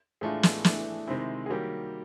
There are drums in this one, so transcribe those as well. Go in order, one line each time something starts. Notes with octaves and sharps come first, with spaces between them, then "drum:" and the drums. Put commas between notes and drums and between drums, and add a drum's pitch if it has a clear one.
A2 E3 G#3 A3 D4 F4 G#4
drum: snare
E3 A3 D4, drum: snare
C3 D#3 G#3 C4 E4
G#4
D#3 F#3 G3 A#3 G4